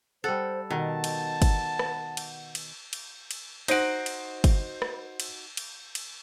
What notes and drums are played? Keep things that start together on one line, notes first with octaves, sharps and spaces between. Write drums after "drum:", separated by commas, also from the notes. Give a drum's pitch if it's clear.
G3 A4 C5 F#5
B2 D#3 F#5 A5
drum: cymbal
drum: kick, cymbal
drum: rim click
drum: cymbal
drum: cymbal
drum: cymbal
drum: cymbal
D#4 F#4 C5 D7, drum: cymbal
drum: cymbal
drum: kick, cymbal
drum: rim click
drum: cymbal
drum: cymbal
drum: cymbal